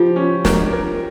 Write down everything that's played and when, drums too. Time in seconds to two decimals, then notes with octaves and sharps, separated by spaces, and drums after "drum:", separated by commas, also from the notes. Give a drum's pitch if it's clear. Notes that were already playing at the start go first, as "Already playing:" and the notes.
Already playing: F3 F4 G4
0.16 C#4
0.45 A#4, drum: snare
0.73 A#4